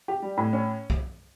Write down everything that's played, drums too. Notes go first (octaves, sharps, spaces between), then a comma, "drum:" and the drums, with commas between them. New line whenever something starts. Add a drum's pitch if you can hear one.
G4
G3
A2
C#4
drum: kick B1